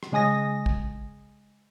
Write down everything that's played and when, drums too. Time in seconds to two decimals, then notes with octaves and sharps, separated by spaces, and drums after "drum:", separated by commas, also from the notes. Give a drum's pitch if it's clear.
0.03 drum: rim click
0.12 C#3 G#3 G#5 D#6 A#6
0.66 drum: kick